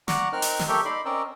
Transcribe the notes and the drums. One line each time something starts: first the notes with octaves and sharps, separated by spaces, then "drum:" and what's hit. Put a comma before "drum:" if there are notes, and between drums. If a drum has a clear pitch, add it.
D5 F#5 A#5 C#6, drum: snare
C4 D#4 A#4 F6 F#6
drum: open hi-hat
drum: snare
A#3 G4 A4 C#5 E5 G5
D#4 D5 B5 C6
C4 C#4 A#4 D5 D#5 E6